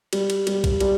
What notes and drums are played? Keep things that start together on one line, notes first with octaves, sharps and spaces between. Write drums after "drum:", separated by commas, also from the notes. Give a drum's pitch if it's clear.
G3, drum: cymbal
drum: cymbal
G3, drum: cymbal
drum: kick A#1, cymbal
G3, drum: cymbal